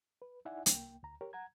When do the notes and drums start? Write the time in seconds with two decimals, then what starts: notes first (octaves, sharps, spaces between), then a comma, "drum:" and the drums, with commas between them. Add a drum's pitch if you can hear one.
0.22 B4
0.45 D#4 E4 D5 E5 F#5 G#5
0.66 C2 A#3 G5, drum: hi-hat
1.03 D2 A#5
1.21 G4 A#4 C#5
1.33 F#5 A#5 G#6